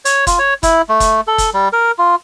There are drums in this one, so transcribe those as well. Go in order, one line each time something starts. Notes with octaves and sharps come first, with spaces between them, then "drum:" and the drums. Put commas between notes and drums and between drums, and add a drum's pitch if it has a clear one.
C#5, drum: hi-hat
F4, drum: kick F#1, hi-hat
C#5
E4, drum: kick F#1, hi-hat
A3
drum: kick F#1, hi-hat
A4
drum: kick F#1, hi-hat
G3
A#4
F4